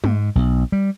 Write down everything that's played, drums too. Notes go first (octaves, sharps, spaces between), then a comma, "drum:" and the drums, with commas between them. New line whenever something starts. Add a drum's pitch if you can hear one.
G#2, drum: tom
B1
G3